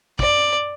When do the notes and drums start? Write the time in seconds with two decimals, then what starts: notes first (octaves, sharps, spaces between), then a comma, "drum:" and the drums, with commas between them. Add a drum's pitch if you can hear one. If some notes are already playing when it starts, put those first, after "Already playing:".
0.19 D5, drum: kick